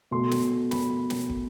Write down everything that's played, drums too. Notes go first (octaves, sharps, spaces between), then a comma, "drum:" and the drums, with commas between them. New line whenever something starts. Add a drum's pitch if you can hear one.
B2 A3 C6
drum: snare
B5, drum: snare
drum: snare
drum: kick